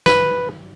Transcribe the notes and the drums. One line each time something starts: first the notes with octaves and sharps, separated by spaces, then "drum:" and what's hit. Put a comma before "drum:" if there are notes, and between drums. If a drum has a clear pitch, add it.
B4, drum: snare